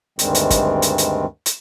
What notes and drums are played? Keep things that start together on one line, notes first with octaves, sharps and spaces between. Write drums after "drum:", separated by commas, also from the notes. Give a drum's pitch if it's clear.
D2 G2 D#3 G3 G#3 C4, drum: hi-hat
drum: hi-hat
drum: kick, hi-hat
drum: hi-hat
drum: hi-hat
drum: hi-hat